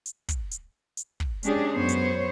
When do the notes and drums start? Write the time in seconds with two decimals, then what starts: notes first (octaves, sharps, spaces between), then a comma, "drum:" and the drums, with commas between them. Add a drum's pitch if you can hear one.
0.06 drum: hi-hat
0.29 drum: kick, hi-hat
0.51 drum: hi-hat
0.97 drum: hi-hat
1.20 drum: kick
1.43 G#3 C#4 D4 G4 G#4, drum: hi-hat
1.74 F#2 B3 C5 C#5
1.89 drum: hi-hat